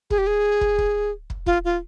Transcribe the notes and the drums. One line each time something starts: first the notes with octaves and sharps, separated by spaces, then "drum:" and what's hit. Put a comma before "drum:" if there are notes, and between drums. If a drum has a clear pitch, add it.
G#4, drum: kick
G4
G#4
drum: kick
drum: kick
drum: kick
F4, drum: kick
F4